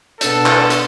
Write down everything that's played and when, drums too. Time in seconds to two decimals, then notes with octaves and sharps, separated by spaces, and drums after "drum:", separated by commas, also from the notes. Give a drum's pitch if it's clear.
0.21 B2 B3 D4 A4, drum: hi-hat
0.46 drum: clap
0.70 drum: hi-hat